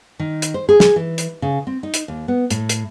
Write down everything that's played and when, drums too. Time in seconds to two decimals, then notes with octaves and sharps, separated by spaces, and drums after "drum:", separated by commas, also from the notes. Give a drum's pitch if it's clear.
0.20 D#3
0.42 drum: hi-hat
0.54 C5
0.69 G#4
0.80 drum: snare
0.96 E3
1.18 drum: hi-hat
1.42 C#3
1.67 C4
1.83 D#4
1.94 drum: hi-hat
2.08 D#2
2.28 B3
2.50 A2, drum: hi-hat
2.69 drum: hi-hat